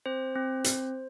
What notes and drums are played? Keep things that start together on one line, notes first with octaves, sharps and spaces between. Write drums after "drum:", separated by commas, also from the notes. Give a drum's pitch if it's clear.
C4 C5
C4
drum: hi-hat